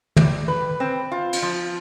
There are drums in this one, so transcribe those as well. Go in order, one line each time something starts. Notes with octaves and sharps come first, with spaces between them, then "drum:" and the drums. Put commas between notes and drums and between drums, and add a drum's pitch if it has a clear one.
G3, drum: tom
B4
C4
F4
drum: cymbal
F3